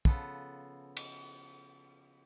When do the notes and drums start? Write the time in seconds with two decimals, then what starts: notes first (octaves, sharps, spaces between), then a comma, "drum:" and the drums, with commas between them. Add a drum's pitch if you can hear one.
0.05 C#3 F3 B3 A4, drum: kick
0.97 drum: cymbal